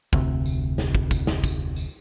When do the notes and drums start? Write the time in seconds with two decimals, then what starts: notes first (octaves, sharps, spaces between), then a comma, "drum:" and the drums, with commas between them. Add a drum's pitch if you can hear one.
0.13 F1 D2 C3, drum: kick
0.46 drum: tambourine
0.78 drum: snare
0.95 drum: kick
1.11 drum: kick, tambourine
1.27 drum: snare
1.44 drum: kick, tambourine
1.76 drum: tambourine